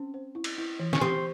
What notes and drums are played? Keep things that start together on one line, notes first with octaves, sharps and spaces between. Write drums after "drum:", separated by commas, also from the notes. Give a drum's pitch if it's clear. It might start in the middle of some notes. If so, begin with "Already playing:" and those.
Already playing: C4 C#4
C5
E4
drum: cymbal
E4
E3
C#4, drum: snare
C4 G4